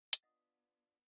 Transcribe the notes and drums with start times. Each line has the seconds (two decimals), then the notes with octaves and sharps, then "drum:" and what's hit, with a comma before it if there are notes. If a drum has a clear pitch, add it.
0.13 drum: hi-hat
0.23 B3 D4 F4 D#5 F#5 D#6 A6